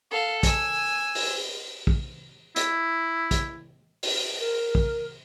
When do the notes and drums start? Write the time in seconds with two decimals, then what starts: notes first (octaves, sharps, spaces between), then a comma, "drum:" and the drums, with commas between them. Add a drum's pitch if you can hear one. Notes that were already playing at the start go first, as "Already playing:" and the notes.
0.11 A4 F5
0.43 G#5 E6, drum: kick, hi-hat
1.15 drum: open hi-hat
1.87 drum: kick
2.56 E4, drum: hi-hat
3.31 drum: kick, hi-hat
4.03 drum: open hi-hat
4.39 A#4
4.75 drum: kick